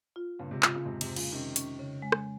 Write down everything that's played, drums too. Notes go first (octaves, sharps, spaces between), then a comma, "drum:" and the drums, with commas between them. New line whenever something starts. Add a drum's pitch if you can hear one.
F4
G2 A#2 C#3
G#2 C3
G#2 C3 F4, drum: clap
A#2 C#3
F2 G#2 C3
G#2 C3, drum: cymbal
G#3
A#2 C#3, drum: cymbal
C3 D#3 C#4
C#4, drum: hi-hat
C#3
G#3
drum: rim click